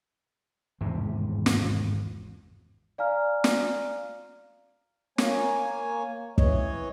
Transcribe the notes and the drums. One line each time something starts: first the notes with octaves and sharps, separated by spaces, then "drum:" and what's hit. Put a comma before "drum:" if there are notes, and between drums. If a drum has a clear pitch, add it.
G#1 E2 G2 C3
drum: snare
D5 F5 G#5 A#5 F6
drum: snare
A#3 C#5 G#5, drum: snare
E3 C#5 D#5, drum: kick